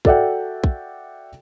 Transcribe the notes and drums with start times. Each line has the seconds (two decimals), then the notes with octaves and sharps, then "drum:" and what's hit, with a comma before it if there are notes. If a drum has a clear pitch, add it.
0.05 F#4 A4 D5 E5 F#5 G5, drum: kick
0.64 drum: kick